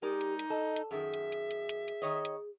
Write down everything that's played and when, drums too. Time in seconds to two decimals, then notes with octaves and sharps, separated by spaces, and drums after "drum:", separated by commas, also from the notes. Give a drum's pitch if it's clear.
0.02 G#3 D#4 G4 A#4 D5
0.21 drum: hi-hat
0.39 drum: hi-hat
0.50 A4 D#5
0.76 drum: hi-hat
0.91 F#2 D#3 G#4 E5
1.14 drum: hi-hat
1.32 drum: hi-hat
1.51 drum: hi-hat
1.69 drum: hi-hat
1.88 drum: hi-hat
2.02 D#3 C#5 D#5
2.25 drum: hi-hat